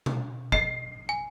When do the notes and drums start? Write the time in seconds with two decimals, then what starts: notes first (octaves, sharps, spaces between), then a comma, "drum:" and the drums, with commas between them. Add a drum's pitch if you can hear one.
0.06 drum: tom B2
0.52 D#5 C7, drum: kick
1.09 G#5